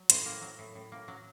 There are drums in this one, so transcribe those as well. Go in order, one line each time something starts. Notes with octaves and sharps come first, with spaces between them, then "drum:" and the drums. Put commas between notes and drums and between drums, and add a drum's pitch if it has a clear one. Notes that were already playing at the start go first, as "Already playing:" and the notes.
Already playing: F#3
A2 C5, drum: hi-hat
A#3
F#3
A2
A2
A#3
F#3